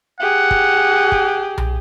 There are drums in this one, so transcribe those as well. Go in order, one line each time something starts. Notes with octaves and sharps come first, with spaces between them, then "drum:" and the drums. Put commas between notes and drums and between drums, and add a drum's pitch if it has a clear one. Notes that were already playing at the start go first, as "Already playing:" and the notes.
G4 G#4 F#5
drum: kick
drum: kick
drum: tom